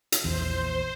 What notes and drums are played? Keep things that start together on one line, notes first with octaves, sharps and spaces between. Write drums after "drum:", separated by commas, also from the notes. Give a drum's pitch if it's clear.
drum: hi-hat
A#1 E2 E3 C5